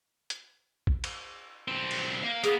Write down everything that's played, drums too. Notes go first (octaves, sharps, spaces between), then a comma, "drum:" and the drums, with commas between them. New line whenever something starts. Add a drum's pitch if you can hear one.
drum: hi-hat
drum: kick A#1
drum: cymbal
B1 C4
drum: cymbal
A#3 F5
A#3 B3 G#4, drum: hi-hat